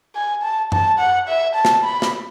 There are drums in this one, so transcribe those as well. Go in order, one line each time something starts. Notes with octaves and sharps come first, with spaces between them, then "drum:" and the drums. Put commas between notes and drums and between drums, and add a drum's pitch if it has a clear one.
G#5
A5
A5, drum: tom F#2
F#5
E5
A5
drum: snare
B5
drum: snare